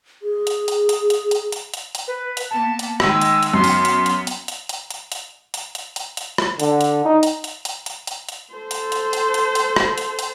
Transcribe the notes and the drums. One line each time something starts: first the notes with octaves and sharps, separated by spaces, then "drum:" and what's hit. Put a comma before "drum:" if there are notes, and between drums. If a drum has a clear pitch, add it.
G#4
drum: hi-hat
drum: hi-hat
drum: hi-hat
drum: hi-hat
drum: hi-hat
drum: hi-hat
drum: hi-hat
drum: hi-hat
B4
drum: hi-hat
A#3 B3 A5
drum: hi-hat
D#3 G#3 E6, drum: rim click
drum: hi-hat
drum: hi-hat
F#2 B3 C6
drum: open hi-hat
drum: hi-hat
drum: hi-hat
drum: hi-hat
drum: hi-hat
drum: hi-hat
drum: hi-hat
drum: hi-hat
drum: hi-hat
drum: hi-hat
drum: hi-hat
drum: hi-hat
drum: rim click
D3, drum: hi-hat
drum: hi-hat
D#4
drum: hi-hat
drum: hi-hat
drum: hi-hat
drum: hi-hat
drum: hi-hat
drum: hi-hat
A4 C5
drum: hi-hat
drum: hi-hat
drum: hi-hat
drum: hi-hat
drum: hi-hat
drum: rim click
drum: hi-hat
drum: hi-hat